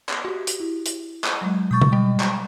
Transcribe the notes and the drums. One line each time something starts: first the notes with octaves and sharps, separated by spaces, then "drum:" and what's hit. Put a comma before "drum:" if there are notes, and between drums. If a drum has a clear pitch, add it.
drum: clap
F#4 G4
drum: hi-hat
E4
drum: hi-hat
D#7, drum: clap
F#3 G#3
B2 G#3 C#6 D#6 G6 A6
drum: tom C#3
G3 G5
drum: clap